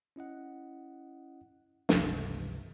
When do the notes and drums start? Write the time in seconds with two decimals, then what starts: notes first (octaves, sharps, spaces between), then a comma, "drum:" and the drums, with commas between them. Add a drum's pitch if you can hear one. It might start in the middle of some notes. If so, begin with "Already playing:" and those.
0.16 C#4 E4 D#5 F#5
1.89 G#1 C#2 G2 C3 E3 F3, drum: snare